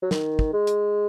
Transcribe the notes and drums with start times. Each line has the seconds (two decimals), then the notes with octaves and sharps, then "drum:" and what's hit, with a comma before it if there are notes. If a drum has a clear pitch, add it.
0.02 F#3
0.11 D#3, drum: snare
0.39 drum: kick
0.53 G#3
0.67 drum: hi-hat